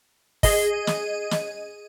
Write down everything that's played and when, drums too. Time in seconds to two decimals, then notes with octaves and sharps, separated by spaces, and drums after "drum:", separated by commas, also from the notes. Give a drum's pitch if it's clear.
0.43 G#4 D#5, drum: kick, open hi-hat
0.87 drum: snare
1.31 drum: snare